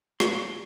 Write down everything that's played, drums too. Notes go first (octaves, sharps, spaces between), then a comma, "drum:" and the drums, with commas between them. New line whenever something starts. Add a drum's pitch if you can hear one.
C6, drum: rim click